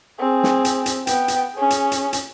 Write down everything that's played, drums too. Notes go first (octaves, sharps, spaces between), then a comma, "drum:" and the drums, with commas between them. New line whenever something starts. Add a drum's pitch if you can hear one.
C4 G#4
drum: snare
drum: hi-hat
drum: hi-hat
B3 G5, drum: hi-hat
drum: hi-hat
C#4 G#4
drum: hi-hat
drum: hi-hat
drum: hi-hat